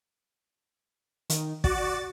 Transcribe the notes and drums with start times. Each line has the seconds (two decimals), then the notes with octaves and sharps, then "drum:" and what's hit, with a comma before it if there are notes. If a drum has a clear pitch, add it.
1.30 D#3, drum: hi-hat
1.64 F#4 D5 A6, drum: kick